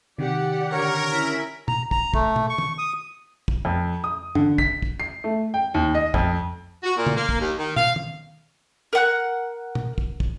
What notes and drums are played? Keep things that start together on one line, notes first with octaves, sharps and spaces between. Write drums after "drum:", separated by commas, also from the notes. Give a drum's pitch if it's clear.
C3 D#3 G4 D5 F#5
D3 A#4 C#5
C#4 E4 E5
A#5, drum: tom
A#5, drum: kick
A3, drum: kick
drum: tom
C#6
drum: tom
D#6
drum: kick
F2
D#6
D3, drum: tom
B6, drum: kick
drum: kick
C7
A3
G5
D#2
D#5
F2, drum: kick
F#4
A#2
drum: tom
A#3
drum: kick
D#2
D#3
F5, drum: tom
drum: tom
A#4 F#5 F#6
drum: tom
drum: kick
drum: kick